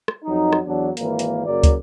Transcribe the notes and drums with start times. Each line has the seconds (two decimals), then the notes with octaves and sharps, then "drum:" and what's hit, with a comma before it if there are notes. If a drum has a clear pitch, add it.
0.08 drum: rim click
0.24 F2 F#3 D#4
0.53 drum: rim click
0.64 E2 F#3 D4
0.97 G#1 E3 A#3, drum: hi-hat
1.19 drum: hi-hat
1.46 F#2 C#3 F#3 A#3 D5
1.63 drum: kick, hi-hat